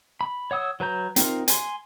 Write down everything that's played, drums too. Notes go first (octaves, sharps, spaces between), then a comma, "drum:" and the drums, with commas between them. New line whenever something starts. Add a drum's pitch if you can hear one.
B5
C#5 F#5 D#6 E6
F#3 B4 A#5 G6
C4 D#4 F4 A#4, drum: hi-hat
G#5 C6, drum: hi-hat